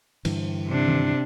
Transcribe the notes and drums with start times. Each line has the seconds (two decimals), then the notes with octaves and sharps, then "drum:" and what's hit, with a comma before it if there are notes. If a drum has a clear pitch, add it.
0.25 G2 D3 E3, drum: cymbal
0.68 C3 D4
0.88 drum: tom D#3